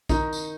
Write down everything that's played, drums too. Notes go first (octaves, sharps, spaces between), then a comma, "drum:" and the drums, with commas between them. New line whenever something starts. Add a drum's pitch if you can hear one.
D#3 D#4, drum: kick, tambourine
drum: tambourine